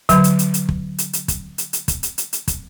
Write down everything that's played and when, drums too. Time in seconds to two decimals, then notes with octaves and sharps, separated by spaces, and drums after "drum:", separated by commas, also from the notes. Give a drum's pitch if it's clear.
0.09 D3 F#3, drum: kick, hi-hat
0.24 drum: hi-hat
0.39 drum: hi-hat
0.54 drum: hi-hat
0.69 drum: kick
0.98 drum: hi-hat
1.13 drum: hi-hat
1.28 drum: kick, hi-hat
1.58 drum: hi-hat
1.73 drum: hi-hat
1.88 drum: kick, hi-hat
2.03 drum: hi-hat
2.18 drum: hi-hat
2.33 drum: hi-hat
2.48 drum: kick, hi-hat